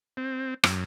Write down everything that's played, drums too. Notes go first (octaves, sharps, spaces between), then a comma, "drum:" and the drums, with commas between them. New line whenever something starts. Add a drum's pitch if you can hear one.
C4
F#2, drum: rim click